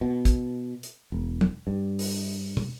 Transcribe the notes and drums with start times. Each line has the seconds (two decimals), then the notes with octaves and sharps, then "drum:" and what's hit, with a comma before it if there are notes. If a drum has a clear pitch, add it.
0.01 B2
0.25 drum: kick, hi-hat
0.83 drum: hi-hat
1.12 E1
1.41 drum: tom
1.67 G2
1.99 drum: open hi-hat
2.57 drum: tom